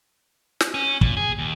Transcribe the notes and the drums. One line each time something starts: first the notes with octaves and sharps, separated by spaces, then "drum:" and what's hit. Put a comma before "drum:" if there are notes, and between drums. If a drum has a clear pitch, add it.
drum: snare
C#4
A#2, drum: kick
G#4
D#2